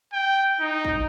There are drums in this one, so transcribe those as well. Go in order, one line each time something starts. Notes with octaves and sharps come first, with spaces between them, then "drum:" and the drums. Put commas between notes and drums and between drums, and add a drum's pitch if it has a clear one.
G5
D#4
drum: kick